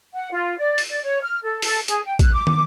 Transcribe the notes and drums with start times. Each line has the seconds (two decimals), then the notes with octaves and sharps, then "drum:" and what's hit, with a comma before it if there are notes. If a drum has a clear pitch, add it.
0.13 F#5
0.32 F4
0.58 D5
0.78 drum: open hi-hat
0.90 D5
1.03 C#5
1.22 F6
1.43 A4
1.62 A4, drum: open hi-hat
1.88 G#4, drum: hi-hat
2.05 G5
2.19 F#6, drum: kick A1, hi-hat
2.33 D6
2.47 drum: tom